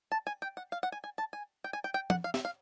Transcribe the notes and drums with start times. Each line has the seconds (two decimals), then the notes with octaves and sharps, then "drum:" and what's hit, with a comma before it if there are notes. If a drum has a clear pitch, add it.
0.12 A5
0.27 G#5
0.42 G5
0.57 F#5
0.72 F5
0.83 F#5
0.92 G#5
1.04 G#5
1.18 A5
1.33 G#5
1.64 G5
1.73 G#5
1.84 G5
1.94 G5
2.10 F#5, drum: tom
2.24 F5
2.34 E5, drum: snare
2.45 F5